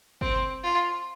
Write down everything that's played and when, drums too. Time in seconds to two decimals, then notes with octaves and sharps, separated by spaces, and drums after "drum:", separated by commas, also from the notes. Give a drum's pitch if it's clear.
0.21 C4, drum: kick
0.64 F4